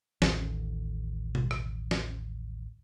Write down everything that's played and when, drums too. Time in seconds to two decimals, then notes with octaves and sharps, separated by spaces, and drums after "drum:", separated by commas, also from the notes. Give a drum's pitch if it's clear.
0.22 A1 D#2, drum: snare
1.35 drum: tom B2
1.51 drum: rim click
1.91 drum: snare